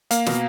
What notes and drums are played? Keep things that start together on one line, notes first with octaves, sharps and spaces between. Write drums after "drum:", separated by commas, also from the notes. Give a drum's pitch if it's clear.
A#3 F5, drum: hi-hat
B2, drum: snare